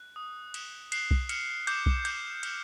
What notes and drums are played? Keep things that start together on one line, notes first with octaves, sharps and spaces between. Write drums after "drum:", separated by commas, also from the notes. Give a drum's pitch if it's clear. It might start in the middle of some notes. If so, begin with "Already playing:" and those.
Already playing: F#6
D#6
D#6, drum: cymbal
F#6 C7, drum: cymbal
drum: kick B1
F6 C#7, drum: cymbal
D6 G6, drum: cymbal
drum: kick B1
D6 G6, drum: cymbal
F6, drum: cymbal